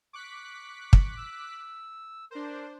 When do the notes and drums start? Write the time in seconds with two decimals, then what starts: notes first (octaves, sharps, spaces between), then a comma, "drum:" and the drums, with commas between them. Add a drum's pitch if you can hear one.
0.13 C#6 D6 F#6 B6
0.93 drum: kick
1.17 E6
2.31 D4 A#4 C5